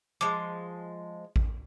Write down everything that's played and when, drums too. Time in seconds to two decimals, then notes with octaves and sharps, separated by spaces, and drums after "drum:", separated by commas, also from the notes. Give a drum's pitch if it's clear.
0.21 F3 G#3 D6
1.36 drum: kick A1